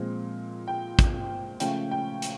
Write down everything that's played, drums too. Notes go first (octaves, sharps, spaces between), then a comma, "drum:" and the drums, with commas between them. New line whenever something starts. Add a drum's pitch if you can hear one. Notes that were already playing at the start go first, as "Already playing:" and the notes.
Already playing: A#2 F3 G#3 C4
G5
drum: kick, hi-hat
C#3 F3 A3 C#4 G5, drum: hi-hat
G5
drum: hi-hat